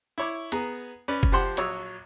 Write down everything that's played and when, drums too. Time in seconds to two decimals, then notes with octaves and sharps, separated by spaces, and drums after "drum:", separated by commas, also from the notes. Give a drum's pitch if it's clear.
0.18 E4 C#5 D6
0.52 B3 G#4 A#5, drum: hi-hat
1.08 C#4 B4 D5
1.23 drum: kick F#1
1.32 F3 G4 C5 F#5 C6
1.57 A#1 F#3 C#5 C#6 D#6 E6, drum: hi-hat